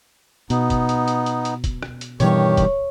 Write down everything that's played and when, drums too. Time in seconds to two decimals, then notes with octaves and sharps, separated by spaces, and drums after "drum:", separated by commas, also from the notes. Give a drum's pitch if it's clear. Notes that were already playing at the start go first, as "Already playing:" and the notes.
0.50 B2 B3 D#4, drum: hi-hat
0.70 drum: kick, hi-hat
0.89 drum: hi-hat
1.08 drum: hi-hat
1.26 drum: hi-hat
1.45 drum: hi-hat
1.64 drum: kick, hi-hat
1.83 drum: rim click
2.01 drum: hi-hat
2.20 G2 B2 D#3 E3 G3 G4 C#5, drum: hi-hat
2.57 drum: kick, hi-hat